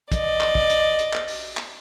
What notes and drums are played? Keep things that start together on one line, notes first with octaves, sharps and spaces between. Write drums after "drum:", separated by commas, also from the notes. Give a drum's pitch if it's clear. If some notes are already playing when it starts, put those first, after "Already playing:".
D5 D#5, drum: kick, hi-hat
drum: clap
drum: kick
drum: hi-hat
drum: hi-hat
drum: clap
drum: open hi-hat
drum: clap